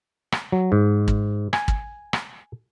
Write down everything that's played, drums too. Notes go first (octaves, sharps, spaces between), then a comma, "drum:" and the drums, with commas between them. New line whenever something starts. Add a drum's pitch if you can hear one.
drum: rim click
F#3
G#2
drum: kick
G#5, drum: rim click
drum: kick
drum: rim click